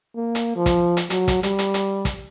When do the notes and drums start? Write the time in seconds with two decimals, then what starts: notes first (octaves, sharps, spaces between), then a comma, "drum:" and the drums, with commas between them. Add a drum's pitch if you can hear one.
0.16 A#3
0.35 drum: hi-hat
0.56 F3
0.66 drum: kick, hi-hat
0.97 drum: hi-hat
1.10 F#3, drum: hi-hat
1.28 drum: kick, hi-hat
1.43 G3, drum: hi-hat
1.59 drum: hi-hat
1.74 drum: hi-hat
2.05 drum: kick, hi-hat